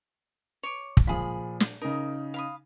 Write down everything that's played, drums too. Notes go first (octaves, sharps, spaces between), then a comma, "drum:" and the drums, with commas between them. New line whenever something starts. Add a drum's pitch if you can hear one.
C#5 D6
drum: kick
A#2 F3 G#4 B5
drum: snare
C#3 D#4 A#4
F5 B5 D#6